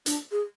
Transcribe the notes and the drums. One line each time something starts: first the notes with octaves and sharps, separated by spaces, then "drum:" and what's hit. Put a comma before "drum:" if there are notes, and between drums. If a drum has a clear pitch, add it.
D4, drum: hi-hat
G#4